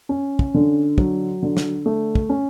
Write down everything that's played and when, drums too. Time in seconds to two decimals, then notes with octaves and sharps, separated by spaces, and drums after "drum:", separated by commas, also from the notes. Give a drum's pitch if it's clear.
0.09 C#4
0.39 drum: kick
0.54 D3
0.98 F#3, drum: kick
1.42 D3
1.57 drum: snare
1.86 A3
2.15 drum: kick
2.29 C#4